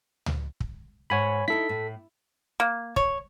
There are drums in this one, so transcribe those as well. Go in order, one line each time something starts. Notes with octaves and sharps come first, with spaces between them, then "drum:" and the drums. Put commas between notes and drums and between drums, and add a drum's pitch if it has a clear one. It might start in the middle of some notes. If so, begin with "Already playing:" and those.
drum: tom C#2
drum: kick
G#2 C#5 F#5 G#5 B5
D#4 E4 A4 B6
A2
A#3
C#5, drum: kick